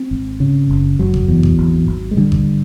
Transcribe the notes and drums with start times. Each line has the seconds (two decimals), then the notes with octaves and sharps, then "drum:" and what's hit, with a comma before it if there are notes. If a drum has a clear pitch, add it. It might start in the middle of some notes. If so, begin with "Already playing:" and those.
Already playing: C4
0.11 G#1
0.40 C#3
0.70 F#1
0.99 F#1 F#3
1.14 drum: kick G#1
1.28 E2
1.43 drum: kick G#1
1.58 G#1
1.87 G#1
2.11 G#3
2.17 D3 G3
2.32 drum: kick G#1